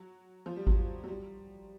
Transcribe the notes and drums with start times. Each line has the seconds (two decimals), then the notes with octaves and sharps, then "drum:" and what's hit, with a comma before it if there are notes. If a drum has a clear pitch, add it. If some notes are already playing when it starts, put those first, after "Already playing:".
Already playing: F#3
0.46 F3
0.56 G3
0.67 F#3, drum: kick G#1
1.04 F#3
1.08 G3